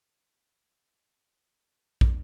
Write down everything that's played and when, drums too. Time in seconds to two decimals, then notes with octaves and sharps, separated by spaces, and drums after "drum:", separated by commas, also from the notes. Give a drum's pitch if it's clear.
0.22 F4 F#4 G#5
0.40 B5
0.86 F2 G4
1.50 B4 G5
2.01 drum: kick